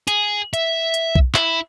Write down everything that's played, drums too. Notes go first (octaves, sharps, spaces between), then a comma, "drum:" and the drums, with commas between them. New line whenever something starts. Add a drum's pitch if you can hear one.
G#4, drum: hi-hat
E5, drum: hi-hat
drum: hi-hat
drum: kick B1
E4, drum: clap